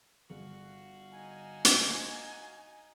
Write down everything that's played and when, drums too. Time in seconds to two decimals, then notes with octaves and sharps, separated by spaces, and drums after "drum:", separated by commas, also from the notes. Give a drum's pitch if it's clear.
0.30 G1 F#4 G#4 F5
1.12 D#4 G#5
1.65 drum: hi-hat